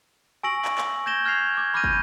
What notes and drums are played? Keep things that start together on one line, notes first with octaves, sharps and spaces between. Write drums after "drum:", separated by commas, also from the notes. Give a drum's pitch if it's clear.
G#5 C#6 E6 A#6 D7 F#7
drum: clap
drum: clap
G6 G#6 A#6 E7 G7
F6 G#6 A#6 C7 F7
D6 G#6
B5 D6 F6 G6 A#6 D#7
drum: kick